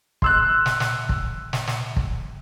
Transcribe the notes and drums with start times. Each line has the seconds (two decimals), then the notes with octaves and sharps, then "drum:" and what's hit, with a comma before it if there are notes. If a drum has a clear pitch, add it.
0.22 C6 E6 F#6, drum: kick
0.66 drum: snare
0.80 drum: snare
1.09 drum: kick
1.53 drum: snare
1.67 drum: snare
1.97 drum: kick